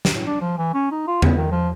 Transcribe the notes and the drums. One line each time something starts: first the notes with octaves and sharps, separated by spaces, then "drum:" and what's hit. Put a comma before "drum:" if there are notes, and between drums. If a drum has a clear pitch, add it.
drum: snare
A2
D4
F3
E3
C#4
D#4
F4
B3, drum: tom E2
D#3
F3